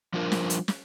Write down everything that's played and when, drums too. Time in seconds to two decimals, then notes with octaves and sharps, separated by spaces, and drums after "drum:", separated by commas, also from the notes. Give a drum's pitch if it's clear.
0.13 F3 G3 D4 F4 A#4 C5
0.32 drum: snare
0.50 drum: hi-hat
0.68 drum: snare